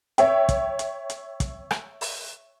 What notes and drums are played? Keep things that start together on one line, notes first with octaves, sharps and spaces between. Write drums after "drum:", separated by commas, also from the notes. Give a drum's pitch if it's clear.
C#5 E5 G5, drum: hi-hat
drum: kick, hi-hat
drum: hi-hat
drum: hi-hat
drum: kick, hi-hat
drum: rim click
drum: open hi-hat